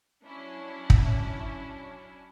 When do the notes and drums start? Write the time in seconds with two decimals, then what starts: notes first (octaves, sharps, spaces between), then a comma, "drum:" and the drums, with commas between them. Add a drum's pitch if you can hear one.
0.25 F#3 C#4 D4 E4
0.90 drum: kick